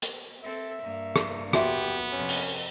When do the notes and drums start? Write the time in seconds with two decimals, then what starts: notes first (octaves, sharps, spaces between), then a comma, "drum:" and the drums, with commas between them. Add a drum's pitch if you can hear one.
0.02 drum: hi-hat
0.44 C4 A4 E5
0.83 G2 A#3
1.16 drum: rim click
1.53 B3 F#4 G4 E5, drum: rim click
2.12 F2 C3 C#4
2.29 drum: open hi-hat